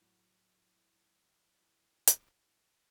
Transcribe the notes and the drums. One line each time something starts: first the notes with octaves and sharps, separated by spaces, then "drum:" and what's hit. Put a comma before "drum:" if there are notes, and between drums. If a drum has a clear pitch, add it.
A2 F#3
drum: hi-hat